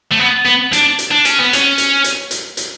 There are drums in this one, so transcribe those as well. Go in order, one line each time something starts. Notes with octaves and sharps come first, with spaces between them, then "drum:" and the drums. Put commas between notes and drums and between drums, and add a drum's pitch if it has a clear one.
A3
B3
B3
D4, drum: hi-hat
drum: hi-hat
D4
C#4, drum: hi-hat
B3
C#4, drum: hi-hat
drum: hi-hat
drum: hi-hat
drum: hi-hat
drum: hi-hat